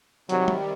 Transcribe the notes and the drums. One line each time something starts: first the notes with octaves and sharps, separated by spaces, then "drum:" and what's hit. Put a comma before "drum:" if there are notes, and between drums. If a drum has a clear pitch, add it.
C3 D#3 F#3 G3, drum: hi-hat
drum: tom